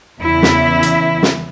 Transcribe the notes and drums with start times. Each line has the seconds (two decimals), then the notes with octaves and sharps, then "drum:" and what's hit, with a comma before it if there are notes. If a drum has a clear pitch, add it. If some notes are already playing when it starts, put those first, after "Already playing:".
0.23 E2 C#3 E4 E5
0.43 drum: snare
0.83 drum: hi-hat
1.23 drum: snare